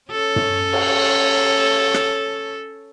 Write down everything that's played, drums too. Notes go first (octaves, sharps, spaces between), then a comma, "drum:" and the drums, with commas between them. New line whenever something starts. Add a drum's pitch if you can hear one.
C#4 A4 C#5
drum: tom
drum: cymbal
drum: rim click